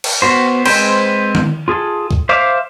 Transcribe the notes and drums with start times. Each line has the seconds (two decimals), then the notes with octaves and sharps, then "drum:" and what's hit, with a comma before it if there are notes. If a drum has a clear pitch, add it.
0.04 drum: cymbal
0.22 B3 F#4 C5
0.65 G#3 C4 B4 C5 G5, drum: cymbal
1.35 drum: tom D#3
1.68 F4 G#4 A4
2.11 drum: kick
2.29 C5 E5 F5 D6